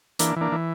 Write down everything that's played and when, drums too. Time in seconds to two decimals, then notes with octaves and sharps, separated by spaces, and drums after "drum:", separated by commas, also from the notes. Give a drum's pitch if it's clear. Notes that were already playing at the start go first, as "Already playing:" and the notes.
0.19 E3 A#3 D4, drum: hi-hat
0.36 E3 A#3 D4
0.52 E3